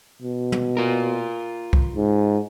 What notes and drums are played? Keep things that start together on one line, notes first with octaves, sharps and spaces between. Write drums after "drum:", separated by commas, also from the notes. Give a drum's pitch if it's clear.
B2
drum: tom
F4 A#4
drum: kick C2
G#2